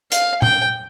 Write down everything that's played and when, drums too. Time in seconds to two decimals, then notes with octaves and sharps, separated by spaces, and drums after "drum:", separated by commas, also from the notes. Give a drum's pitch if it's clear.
0.12 F5, drum: hi-hat
0.42 G5, drum: tom